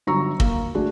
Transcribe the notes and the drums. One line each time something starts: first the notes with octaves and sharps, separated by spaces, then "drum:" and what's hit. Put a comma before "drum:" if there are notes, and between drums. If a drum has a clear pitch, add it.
G1 F#3 A#5 C#6 E6
A#3 A#4, drum: kick
A3 D4 F#4 G#4